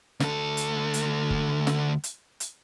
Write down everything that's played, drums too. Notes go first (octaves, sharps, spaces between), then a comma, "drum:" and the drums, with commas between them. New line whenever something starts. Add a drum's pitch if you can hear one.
D2 A4, drum: snare
drum: hi-hat
drum: hi-hat
drum: kick F#1
drum: snare
drum: hi-hat
drum: hi-hat